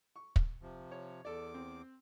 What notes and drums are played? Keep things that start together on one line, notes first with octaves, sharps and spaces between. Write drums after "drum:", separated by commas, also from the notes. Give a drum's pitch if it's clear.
C#6
drum: kick
C3 F3
C#5
E2 A4 D5 D6
C4